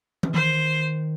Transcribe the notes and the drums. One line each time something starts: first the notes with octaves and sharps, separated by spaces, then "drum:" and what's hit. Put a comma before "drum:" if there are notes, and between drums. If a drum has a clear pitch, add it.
E3, drum: tom E3
D#3 C5